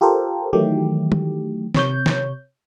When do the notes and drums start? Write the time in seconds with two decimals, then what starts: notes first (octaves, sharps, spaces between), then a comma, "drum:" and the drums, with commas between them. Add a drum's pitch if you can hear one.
0.01 F4 G4 A4 A#4 C5
0.53 D#3 E3 F#3 A3 G4
1.12 drum: tom
1.75 C3 C#5 G6, drum: snare
2.06 drum: snare